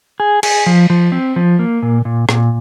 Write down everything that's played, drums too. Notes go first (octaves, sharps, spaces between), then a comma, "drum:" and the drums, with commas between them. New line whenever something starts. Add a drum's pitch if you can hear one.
G#4
G#4, drum: cymbal
F3
F3
C4
F3
A#3
A#2
A#2
A#2, drum: rim click